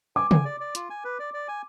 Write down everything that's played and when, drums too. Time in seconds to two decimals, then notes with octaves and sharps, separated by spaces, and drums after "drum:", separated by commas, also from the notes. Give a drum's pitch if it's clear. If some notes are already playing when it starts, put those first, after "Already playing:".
0.16 G#5 D6
0.31 G#5, drum: tom
0.45 D5
0.60 D5
0.75 F4, drum: hi-hat
0.90 G#5
1.04 B4
1.19 D5
1.34 D5
1.48 G#5